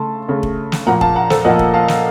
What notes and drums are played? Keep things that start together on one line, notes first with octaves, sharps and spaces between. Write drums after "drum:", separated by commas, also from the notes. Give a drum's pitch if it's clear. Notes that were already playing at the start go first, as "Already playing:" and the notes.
Already playing: C#3 A3 A5 C6
C#3 A3
drum: kick
drum: snare
A#2 F3 A#3 F#5 A#5
F5 A5, drum: kick
F#5 A#5
A4 C5, drum: snare
A#2 F3 A#3 D#5 F#5
drum: kick
F5 A5
drum: snare